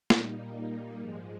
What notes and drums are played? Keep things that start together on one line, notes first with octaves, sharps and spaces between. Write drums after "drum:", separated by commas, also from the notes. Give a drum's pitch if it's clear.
A#2 G3 A#3 D#4, drum: snare
G#2 F3 G#3